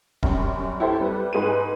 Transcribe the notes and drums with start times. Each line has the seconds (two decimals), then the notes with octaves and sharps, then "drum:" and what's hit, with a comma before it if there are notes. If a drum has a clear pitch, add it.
0.23 F#2 G3 C#4, drum: kick D#1
0.80 E4 G4 A4 C5
1.00 G3 B4
1.33 G#2 G#4 B4 D#7